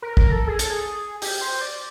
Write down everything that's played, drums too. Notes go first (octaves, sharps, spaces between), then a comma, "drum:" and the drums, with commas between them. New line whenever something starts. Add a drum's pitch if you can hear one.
A#4
A#4, drum: kick
A4
G#4
A4, drum: hi-hat
G#4
G4, drum: open hi-hat
C5
D5